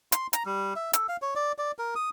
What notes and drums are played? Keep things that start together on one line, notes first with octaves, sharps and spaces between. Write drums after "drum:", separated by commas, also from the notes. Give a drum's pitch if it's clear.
C6, drum: hi-hat
A#5, drum: hi-hat
G3
E5
A4, drum: hi-hat
F5
C#5
D5
D5
A#4
D#6